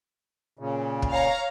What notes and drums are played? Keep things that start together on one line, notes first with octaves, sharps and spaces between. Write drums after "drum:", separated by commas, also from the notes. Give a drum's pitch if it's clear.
A#2 C#3
drum: kick
C#5 F5 A#5